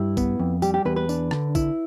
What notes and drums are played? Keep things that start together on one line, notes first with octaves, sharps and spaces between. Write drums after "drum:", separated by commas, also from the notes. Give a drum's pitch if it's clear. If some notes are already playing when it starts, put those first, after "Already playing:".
Already playing: G2 E4
B3, drum: kick A#1, tambourine
F2
G3 G4, drum: tambourine
G4
E2 B4
B4
D4, drum: tambourine
D3, drum: rim click
E4, drum: kick A#1, tambourine